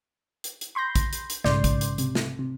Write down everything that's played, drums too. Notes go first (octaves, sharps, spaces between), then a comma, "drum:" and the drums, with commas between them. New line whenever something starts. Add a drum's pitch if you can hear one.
drum: hi-hat
drum: hi-hat
B5 C6 G6 A#6
drum: kick, hi-hat
drum: hi-hat
drum: hi-hat
B1 G#2 C#3 D5 C6 G6, drum: snare
drum: kick, hi-hat
drum: hi-hat
C3, drum: hi-hat
drum: snare
C3